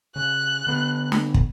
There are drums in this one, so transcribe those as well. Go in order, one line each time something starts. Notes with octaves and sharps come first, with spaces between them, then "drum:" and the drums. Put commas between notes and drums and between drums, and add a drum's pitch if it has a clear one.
C#3 F#6
D3 B3
drum: snare
drum: kick